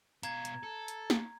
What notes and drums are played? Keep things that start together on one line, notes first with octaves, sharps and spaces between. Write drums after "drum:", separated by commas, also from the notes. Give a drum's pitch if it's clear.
B2 F5 A#5 G#6, drum: hi-hat
drum: hi-hat
A4
drum: hi-hat
drum: snare